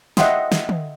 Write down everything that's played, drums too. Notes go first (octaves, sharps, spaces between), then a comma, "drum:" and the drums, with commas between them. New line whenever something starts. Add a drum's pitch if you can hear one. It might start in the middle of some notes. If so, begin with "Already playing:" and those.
D#5 E5 F#5 G5 C6 D#6, drum: snare
drum: snare
drum: tom